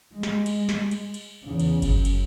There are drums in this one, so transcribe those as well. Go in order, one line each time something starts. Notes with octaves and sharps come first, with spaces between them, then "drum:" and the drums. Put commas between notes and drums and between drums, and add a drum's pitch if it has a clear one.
G#3
drum: snare
drum: cymbal
drum: snare
drum: cymbal
drum: cymbal
E2 C#3
drum: cymbal
F#2, drum: kick G1, cymbal
drum: cymbal